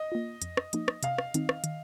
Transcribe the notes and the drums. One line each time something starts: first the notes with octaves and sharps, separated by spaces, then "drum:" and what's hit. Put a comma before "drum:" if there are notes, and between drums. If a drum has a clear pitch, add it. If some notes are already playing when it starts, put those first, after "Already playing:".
Already playing: D#5
A#3 F4
F2, drum: hi-hat
drum: rim click
F3 A#3 D#4, drum: hi-hat
drum: rim click
C3 F5, drum: hi-hat
drum: rim click
D#3 C4 D#4, drum: hi-hat
drum: rim click
D#3, drum: hi-hat